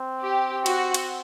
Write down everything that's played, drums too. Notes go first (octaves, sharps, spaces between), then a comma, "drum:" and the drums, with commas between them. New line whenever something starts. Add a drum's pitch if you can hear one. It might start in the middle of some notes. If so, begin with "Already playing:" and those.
Already playing: C4
G4
F#4, drum: cymbal
drum: cymbal